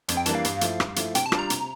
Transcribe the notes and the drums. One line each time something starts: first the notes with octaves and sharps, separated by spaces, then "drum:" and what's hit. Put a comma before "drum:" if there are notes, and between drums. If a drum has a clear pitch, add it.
F2, drum: hi-hat
G5
E3 G3 A#3 D4 A5, drum: hi-hat
F5
G2, drum: hi-hat
F3 A3 E4, drum: hi-hat
G2, drum: rim click
F3 A3 E4, drum: hi-hat
C3 G5, drum: hi-hat
A5
G3 D4 F4, drum: rim click
A#5
C3, drum: hi-hat